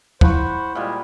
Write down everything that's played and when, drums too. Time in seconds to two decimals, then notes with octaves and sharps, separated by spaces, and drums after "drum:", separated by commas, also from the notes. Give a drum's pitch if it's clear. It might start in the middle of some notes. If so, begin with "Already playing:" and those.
0.21 F3 E4 C5 F#5 B5 C#6, drum: kick
0.75 A#2 G3 G#3